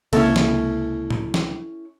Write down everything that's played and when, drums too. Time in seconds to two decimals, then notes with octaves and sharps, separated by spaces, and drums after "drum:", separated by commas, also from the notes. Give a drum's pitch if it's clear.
0.13 C#2 C3 A#3 C#4 E4 A4, drum: cymbal
0.36 drum: snare
1.10 drum: tom A2
1.34 drum: snare